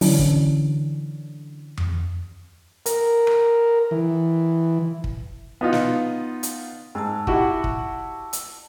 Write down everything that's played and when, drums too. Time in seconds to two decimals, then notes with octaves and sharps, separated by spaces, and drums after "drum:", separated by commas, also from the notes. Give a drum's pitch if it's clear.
0.01 D3 E3 F#3 C#4 D4, drum: open hi-hat
0.19 drum: kick
1.77 drum: tom F2
2.86 A#4, drum: hi-hat
3.27 drum: rim click
3.91 E3
5.04 drum: kick
5.61 B3 D#4 F4
5.73 drum: snare
6.43 drum: hi-hat
6.95 G#2 A5 E6
7.27 E4 F#4 G4, drum: kick
7.64 drum: kick
8.33 drum: hi-hat